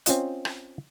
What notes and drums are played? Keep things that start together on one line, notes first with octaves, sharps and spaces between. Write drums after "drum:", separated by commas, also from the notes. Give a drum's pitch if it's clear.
C4 C#4 F4 D#5, drum: hi-hat
drum: rim click